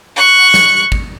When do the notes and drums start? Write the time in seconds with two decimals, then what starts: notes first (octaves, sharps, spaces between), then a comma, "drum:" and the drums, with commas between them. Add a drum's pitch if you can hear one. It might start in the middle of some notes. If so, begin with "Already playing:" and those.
0.16 C#6 F#6
0.54 drum: snare
0.92 drum: kick